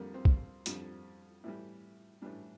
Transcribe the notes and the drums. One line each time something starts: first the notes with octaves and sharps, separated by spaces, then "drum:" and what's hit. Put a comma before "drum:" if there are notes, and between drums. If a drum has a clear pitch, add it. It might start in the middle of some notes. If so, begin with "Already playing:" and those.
Already playing: F2 D3 G3 A#3
C4
drum: kick
F2 D3 G3, drum: hi-hat
A2 E3 G3 E4
A2 E3 G3 D4